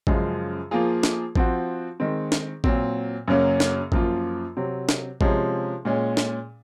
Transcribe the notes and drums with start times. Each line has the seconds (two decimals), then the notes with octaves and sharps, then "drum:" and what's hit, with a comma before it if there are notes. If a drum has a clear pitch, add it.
0.07 F#2 C#3 F3 G#3, drum: kick A1
0.71 F3 A#3 F4 G#4
1.03 drum: snare
1.36 F3 C4 F#4, drum: kick A1
2.00 D#3 G#3 C4
2.32 drum: snare
2.64 A#2 F#3 C4, drum: kick A1
3.28 F#2 C#3 F#3 A#3 C#4
3.60 drum: snare
3.92 F#2 F3 A#3 F4, drum: kick A1
4.57 C3 F#3 C4
4.89 drum: snare
5.21 C3 F3 G#3 C#4, drum: kick A1
5.85 A#2 G#3 C#4
6.17 drum: snare